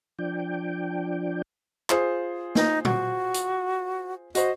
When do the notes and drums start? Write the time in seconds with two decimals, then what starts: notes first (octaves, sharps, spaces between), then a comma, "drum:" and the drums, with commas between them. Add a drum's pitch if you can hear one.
0.19 F3 D4 G5
1.90 F4 G#4 C5, drum: clap
2.55 D#4, drum: snare
2.85 F#4, drum: tom A#2
3.34 drum: hi-hat
4.35 F#4 C5 D#5, drum: hi-hat